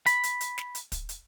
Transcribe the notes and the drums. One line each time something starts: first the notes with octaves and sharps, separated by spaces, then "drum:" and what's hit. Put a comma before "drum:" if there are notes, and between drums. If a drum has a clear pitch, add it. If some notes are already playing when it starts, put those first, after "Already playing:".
B5, drum: hi-hat
drum: hi-hat
drum: hi-hat
drum: snare
drum: hi-hat
drum: kick, hi-hat
drum: hi-hat